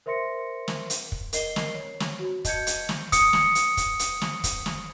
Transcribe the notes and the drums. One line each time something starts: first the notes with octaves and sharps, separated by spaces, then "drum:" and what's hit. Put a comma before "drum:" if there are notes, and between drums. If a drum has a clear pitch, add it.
A#4 C5 E5 C6 A#6 C#7
drum: snare
drum: hi-hat
drum: kick
A#4 D#5 C7 G7, drum: hi-hat
drum: snare
C#5
drum: snare
F#4
D#5 A5 G6 G#6 C#7, drum: kick, hi-hat
drum: hi-hat
drum: snare
D#6 C#7, drum: kick, hi-hat
drum: snare
drum: hi-hat
drum: kick, hi-hat
drum: hi-hat
drum: snare
drum: kick, hi-hat
drum: snare